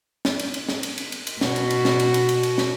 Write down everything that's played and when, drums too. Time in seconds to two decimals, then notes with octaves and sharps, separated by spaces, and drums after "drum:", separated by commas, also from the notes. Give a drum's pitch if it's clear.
0.25 drum: snare
0.39 drum: cymbal
0.54 drum: cymbal
0.69 drum: snare
0.83 drum: cymbal
0.98 drum: cymbal
1.12 drum: cymbal
1.27 drum: cymbal
1.41 B2 F#4, drum: snare
1.56 drum: cymbal
1.70 drum: cymbal
1.85 drum: snare
2.00 drum: cymbal
2.14 drum: cymbal
2.29 drum: cymbal
2.43 drum: cymbal
2.58 drum: snare